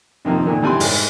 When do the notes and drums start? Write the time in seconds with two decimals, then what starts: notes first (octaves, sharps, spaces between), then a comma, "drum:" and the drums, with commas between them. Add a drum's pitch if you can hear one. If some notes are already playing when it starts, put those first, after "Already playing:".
0.25 C3 D#3 F3 A#3
0.46 A#2 D3 D#3
0.62 E3 G3 G#5 B5 C6
0.80 G#2, drum: open hi-hat